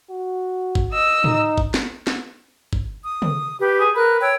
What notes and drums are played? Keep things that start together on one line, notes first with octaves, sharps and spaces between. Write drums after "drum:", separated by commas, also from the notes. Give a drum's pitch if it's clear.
F#4
drum: kick
D#5 E6
D#4, drum: tom
drum: kick
drum: snare
drum: snare
drum: kick
D#6
drum: tom
G4 B4
G#4
A#4 B4 F#6
C#5 G5 E6